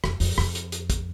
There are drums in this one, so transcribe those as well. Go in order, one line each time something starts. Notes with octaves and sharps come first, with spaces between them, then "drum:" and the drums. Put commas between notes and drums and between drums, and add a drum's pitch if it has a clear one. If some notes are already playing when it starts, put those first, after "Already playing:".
F2, drum: rim click
F2, drum: open hi-hat
F2, drum: rim click
drum: hi-hat
drum: hi-hat
drum: kick, hi-hat